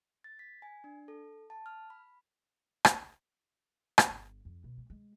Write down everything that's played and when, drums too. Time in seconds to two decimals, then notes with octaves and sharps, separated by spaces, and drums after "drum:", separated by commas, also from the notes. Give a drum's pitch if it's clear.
0.24 A6
0.39 B6
0.62 G#5
0.84 D4
1.08 A4
1.50 A5
1.66 F6
1.90 B5
2.85 drum: rim click
3.98 drum: rim click
4.10 G1
4.45 F2
4.64 B2
4.78 G#3
4.90 G#3